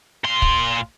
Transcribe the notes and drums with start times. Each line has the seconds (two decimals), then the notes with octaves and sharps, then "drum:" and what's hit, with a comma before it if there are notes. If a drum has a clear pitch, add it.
0.24 A#2 C6
0.42 drum: kick